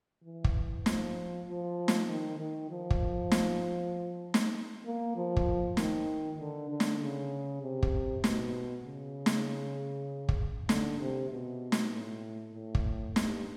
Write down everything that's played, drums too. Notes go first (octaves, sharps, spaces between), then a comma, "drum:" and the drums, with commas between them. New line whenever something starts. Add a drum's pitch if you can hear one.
E3
drum: kick
F3, drum: snare
F3
drum: snare
D#3
D#3
F3
drum: kick
drum: snare
drum: snare
A#3
F3
drum: kick
D#3, drum: snare
D3
D3
drum: snare
C#3
C3
drum: kick
B2, drum: snare
C#3
drum: snare
drum: kick
D3, drum: snare
C3
B2
drum: snare
A2
A2
drum: kick
G2, drum: snare